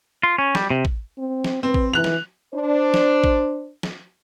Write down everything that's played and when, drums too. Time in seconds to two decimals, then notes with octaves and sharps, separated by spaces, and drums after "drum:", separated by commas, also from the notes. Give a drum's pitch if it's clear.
0.23 F4
0.38 C#4
0.55 G3, drum: snare
0.70 C3
0.85 drum: kick A1
1.18 C4
1.44 drum: snare
1.63 C4 B4
1.74 drum: kick A1
1.93 E3 F#6 F7
2.04 drum: snare
2.54 D4 C5
2.94 drum: snare
3.24 drum: kick A1
3.83 drum: snare